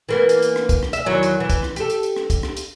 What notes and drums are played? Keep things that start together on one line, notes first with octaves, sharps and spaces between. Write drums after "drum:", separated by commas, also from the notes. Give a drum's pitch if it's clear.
E3 A#3 B3
drum: hi-hat
drum: hi-hat
drum: rim click
drum: kick, hi-hat
drum: rim click
E5, drum: hi-hat
E2 D#3 F#3
drum: hi-hat
E3
drum: kick, hi-hat
drum: rim click
G4 A4, drum: hi-hat
drum: hi-hat
drum: hi-hat
drum: rim click
drum: kick, hi-hat
drum: rim click
drum: hi-hat